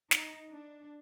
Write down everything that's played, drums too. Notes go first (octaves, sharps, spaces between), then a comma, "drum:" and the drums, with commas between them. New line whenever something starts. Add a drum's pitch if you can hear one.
D#4, drum: snare
D4